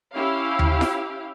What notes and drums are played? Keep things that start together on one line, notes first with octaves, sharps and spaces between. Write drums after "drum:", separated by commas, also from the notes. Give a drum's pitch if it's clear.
C#4 E4 G4 F5
drum: tom D#2
drum: snare F4